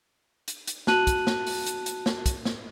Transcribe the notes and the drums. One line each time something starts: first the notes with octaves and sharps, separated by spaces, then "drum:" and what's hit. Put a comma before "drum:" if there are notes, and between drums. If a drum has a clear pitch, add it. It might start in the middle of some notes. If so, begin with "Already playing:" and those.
drum: hi-hat
drum: hi-hat
F#4 A5 F#6 D#7 F#7, drum: snare
drum: kick, hi-hat
drum: snare
drum: open hi-hat
drum: hi-hat
drum: hi-hat
drum: snare
drum: kick, hi-hat
drum: snare